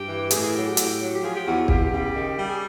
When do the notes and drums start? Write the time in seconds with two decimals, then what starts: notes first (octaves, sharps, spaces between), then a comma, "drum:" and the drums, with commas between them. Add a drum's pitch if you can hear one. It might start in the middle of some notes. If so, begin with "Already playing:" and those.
Already playing: G2 G4
0.08 E3
0.31 A2 G#4, drum: hi-hat
0.43 G#4
0.54 F#3 G4
0.65 G4
0.77 A2, drum: hi-hat
0.99 F#3
1.15 G4
1.22 F3 G#4
1.35 G4
1.45 E2 F#4
1.68 E2 G4, drum: kick
1.92 C#3
2.14 D#3
2.37 G3
2.49 G#4